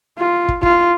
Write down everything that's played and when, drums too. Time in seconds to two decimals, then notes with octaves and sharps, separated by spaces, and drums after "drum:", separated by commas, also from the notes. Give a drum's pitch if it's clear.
0.18 F4
0.48 drum: kick
0.63 F4, drum: kick